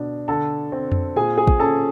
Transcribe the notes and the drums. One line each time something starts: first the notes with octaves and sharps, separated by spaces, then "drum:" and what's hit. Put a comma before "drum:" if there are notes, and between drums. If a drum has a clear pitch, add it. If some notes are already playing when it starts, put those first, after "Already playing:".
Already playing: B2 D4
D3 A4 A5
C4
drum: tom F2
A#2 G#4 G#5
G#4 G#5
drum: kick
C#4 A4 A5